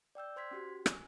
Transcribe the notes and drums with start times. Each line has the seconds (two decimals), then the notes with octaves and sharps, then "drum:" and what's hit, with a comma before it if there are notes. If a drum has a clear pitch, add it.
0.15 D5 G5 E6 G6
0.36 C5 C6 G#6 B6
0.51 C#4 F#4 G4
0.86 G#5, drum: rim click